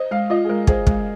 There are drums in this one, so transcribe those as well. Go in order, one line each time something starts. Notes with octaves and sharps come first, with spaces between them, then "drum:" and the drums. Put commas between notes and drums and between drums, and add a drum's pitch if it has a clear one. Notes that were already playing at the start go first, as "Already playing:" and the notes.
Already playing: C5 D#5
G#3 F5
F4 D#5
G#4
G#3 A#4
G#4 C5, drum: kick
G#3, drum: kick